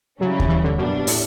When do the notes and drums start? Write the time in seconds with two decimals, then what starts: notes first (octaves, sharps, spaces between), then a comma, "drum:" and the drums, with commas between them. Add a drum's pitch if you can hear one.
0.20 C#3 F#3 G3 C#4 E4
0.40 drum: kick D#2
0.49 E3
0.64 D3
0.78 F#2 B2 G3 D4
1.07 A2, drum: open hi-hat